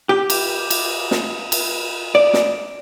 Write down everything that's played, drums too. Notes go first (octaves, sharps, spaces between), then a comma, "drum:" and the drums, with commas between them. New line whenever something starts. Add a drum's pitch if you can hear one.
G4
drum: cymbal
drum: cymbal
drum: snare
drum: cymbal
D5
drum: snare